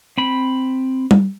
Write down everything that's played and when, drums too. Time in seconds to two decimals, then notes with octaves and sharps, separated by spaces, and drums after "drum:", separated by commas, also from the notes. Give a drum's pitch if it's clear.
0.18 C4 B5
1.11 drum: tom G3